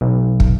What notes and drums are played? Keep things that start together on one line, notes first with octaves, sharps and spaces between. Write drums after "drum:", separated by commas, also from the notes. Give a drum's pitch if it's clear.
B1
drum: kick